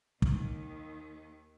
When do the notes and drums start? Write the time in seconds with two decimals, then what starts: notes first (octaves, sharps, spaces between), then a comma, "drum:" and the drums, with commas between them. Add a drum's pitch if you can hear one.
0.22 D#2 D#3, drum: kick